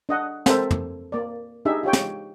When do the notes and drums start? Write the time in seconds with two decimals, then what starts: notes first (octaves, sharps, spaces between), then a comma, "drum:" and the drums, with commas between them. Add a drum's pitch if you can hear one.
0.09 D4 D#5 F#5
0.46 C4 A4 A#4 C5 E5, drum: snare
0.71 drum: tom
1.12 A#3 D5
1.65 D4 D#4 G4 G#4 E5
1.83 F4 G4 C#5 G5
1.93 drum: snare